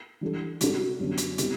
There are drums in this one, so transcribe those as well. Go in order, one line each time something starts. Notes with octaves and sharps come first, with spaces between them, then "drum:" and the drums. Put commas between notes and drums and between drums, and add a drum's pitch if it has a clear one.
E3 G3 D4 A4
C3 G3 D4 F#4 A4, drum: hi-hat
F#2 D3 G3 B3 D4
drum: hi-hat
C3 G3 B3 E4 G4, drum: hi-hat